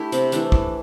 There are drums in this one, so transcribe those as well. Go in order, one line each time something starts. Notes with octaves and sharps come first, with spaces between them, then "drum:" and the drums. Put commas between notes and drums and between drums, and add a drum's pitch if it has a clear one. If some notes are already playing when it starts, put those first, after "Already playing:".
Already playing: A3 D4 E4 G4
C3, drum: hi-hat
E3 A3 D4, drum: hi-hat
E3, drum: kick